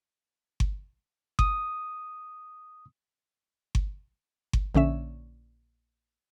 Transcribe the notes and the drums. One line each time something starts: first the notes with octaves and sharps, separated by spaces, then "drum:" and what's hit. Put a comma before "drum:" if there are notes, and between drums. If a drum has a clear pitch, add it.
drum: kick G1
D#6, drum: kick G1
drum: kick G1
drum: kick G1
A#1 D3 C#4 E5